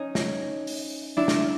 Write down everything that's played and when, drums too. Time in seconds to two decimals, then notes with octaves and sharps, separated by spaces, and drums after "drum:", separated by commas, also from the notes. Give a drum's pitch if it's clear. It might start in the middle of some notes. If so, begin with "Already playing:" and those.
Already playing: C#4 D#4
0.15 drum: snare
0.67 drum: open hi-hat
1.17 D4 E4
1.28 drum: snare